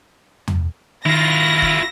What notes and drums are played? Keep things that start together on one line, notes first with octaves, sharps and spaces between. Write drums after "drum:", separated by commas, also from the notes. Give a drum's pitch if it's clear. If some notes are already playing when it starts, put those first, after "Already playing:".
drum: tom E2
D#3 E4 F4 A#6
drum: kick